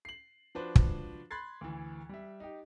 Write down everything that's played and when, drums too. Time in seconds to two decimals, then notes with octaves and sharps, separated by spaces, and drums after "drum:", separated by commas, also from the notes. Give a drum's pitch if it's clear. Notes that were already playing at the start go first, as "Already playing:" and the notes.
0.05 C7 F#7
0.55 F3 D4 F#4 B4 C5
0.76 drum: kick
1.31 B5 C6 F#6 G#6 A6 C7
1.61 D2 E3
2.09 G3 E5
2.40 D#4 G4